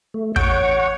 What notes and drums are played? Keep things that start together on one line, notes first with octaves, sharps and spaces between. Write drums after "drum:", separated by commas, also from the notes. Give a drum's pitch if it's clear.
A3
A1 C#5 F#5 C#6 G6 D7, drum: kick